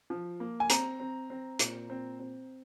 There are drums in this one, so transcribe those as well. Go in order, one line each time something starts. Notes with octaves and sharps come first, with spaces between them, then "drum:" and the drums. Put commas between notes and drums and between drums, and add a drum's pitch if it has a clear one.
F3
A#3
G#5
C4 A#5, drum: hi-hat
C4
C4
A#2, drum: hi-hat
C4
C4